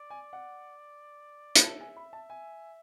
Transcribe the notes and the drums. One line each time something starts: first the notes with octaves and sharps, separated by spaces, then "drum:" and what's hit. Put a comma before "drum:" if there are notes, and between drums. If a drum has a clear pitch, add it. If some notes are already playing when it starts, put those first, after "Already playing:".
Already playing: D5
G#5
F#5
B5, drum: hi-hat
E5 A5
G#5
B5
A5
G#5